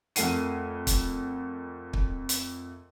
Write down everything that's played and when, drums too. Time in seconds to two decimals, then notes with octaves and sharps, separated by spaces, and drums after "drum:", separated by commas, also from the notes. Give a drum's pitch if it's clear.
0.16 F2 A3 A#4 F#5 C7 D#7, drum: hi-hat
0.87 drum: kick, hi-hat
1.93 drum: kick
2.29 drum: hi-hat